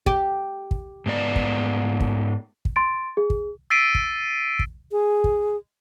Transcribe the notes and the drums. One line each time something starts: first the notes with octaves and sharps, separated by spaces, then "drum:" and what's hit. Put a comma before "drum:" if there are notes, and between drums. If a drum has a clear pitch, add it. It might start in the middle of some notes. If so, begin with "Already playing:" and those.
G4, drum: kick
drum: kick
G#2 B3 D5
drum: kick
drum: kick
drum: kick
C6 A6 D7
G#4
drum: kick
E6 A6 B6 C7 D7 D#7
drum: kick
drum: kick
G#4
drum: kick